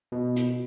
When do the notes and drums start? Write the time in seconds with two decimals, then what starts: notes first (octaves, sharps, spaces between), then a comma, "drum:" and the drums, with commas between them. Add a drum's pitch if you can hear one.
0.12 B2
0.36 drum: hi-hat